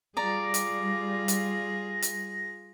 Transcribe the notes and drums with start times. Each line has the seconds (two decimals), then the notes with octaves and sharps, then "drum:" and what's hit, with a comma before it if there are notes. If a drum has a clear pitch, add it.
0.17 G3 F4 G#4 D5 A#5 A#6
0.54 drum: hi-hat
1.28 drum: hi-hat
2.02 drum: hi-hat